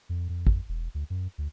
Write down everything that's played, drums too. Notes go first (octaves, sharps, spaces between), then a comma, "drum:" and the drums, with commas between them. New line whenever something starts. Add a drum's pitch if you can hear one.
F2
F2
drum: kick
E1
D2
F#2
D2